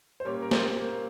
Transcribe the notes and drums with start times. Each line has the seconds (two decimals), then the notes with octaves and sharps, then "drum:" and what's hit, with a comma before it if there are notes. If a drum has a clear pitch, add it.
0.20 C5
0.25 A#2 G3 A#3 C#4 C#5
0.42 A#4
0.51 C4 C5, drum: snare
0.77 A#3 A#4